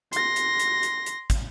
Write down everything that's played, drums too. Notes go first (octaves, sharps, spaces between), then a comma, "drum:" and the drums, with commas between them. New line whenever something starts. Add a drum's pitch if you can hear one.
C6 A#6, drum: hi-hat
drum: hi-hat
drum: hi-hat
drum: hi-hat
drum: hi-hat
drum: kick, hi-hat